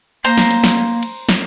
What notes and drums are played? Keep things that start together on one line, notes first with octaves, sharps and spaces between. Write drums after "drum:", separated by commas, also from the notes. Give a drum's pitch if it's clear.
A#3 C5 A#5, drum: cymbal
drum: snare
drum: cymbal
drum: snare
drum: cymbal
drum: snare